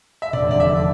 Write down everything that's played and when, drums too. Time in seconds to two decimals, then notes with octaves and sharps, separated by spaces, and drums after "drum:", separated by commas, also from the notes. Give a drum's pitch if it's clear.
0.22 E5
0.33 F1 E2 D3 D5, drum: tom A#2
0.51 D5
0.60 E5